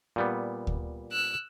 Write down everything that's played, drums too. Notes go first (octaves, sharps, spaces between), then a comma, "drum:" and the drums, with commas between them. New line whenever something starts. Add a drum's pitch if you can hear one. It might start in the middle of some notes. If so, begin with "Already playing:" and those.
A#2 G3 B3
drum: kick D2
E6 F#6